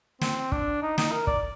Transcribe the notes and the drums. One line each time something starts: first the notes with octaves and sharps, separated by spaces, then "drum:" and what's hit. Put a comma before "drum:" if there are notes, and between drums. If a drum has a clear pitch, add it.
C4, drum: snare
D4, drum: kick
D#4
D#4, drum: snare
A#4
D5, drum: kick